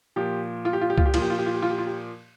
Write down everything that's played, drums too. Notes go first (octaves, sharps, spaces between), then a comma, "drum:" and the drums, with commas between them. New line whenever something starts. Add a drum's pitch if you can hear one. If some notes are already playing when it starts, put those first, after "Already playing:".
A#2 F3 G4
F4
G4
F4
G4
F4, drum: kick C#2
G4
A#2 F3 F4, drum: cymbal
G4
F4
G4
F4
G4
F4
G4
F4
G4